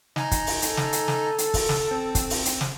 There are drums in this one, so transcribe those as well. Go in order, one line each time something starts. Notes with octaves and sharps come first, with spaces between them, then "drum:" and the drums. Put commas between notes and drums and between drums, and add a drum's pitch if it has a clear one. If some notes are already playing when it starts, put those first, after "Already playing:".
D#4 G#5 A#5, drum: snare
drum: kick, hi-hat
drum: open hi-hat
A4, drum: hi-hat
drum: snare
drum: hi-hat
drum: snare
drum: hi-hat
drum: kick, open hi-hat
drum: snare
C4
drum: kick, hi-hat
drum: open hi-hat
drum: hi-hat
drum: snare